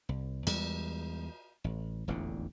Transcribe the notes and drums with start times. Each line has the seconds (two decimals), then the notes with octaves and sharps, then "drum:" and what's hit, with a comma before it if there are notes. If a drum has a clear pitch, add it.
0.09 C2
0.47 E2 G3 G#3, drum: cymbal
1.64 A1
2.08 E1 A1 F2 D3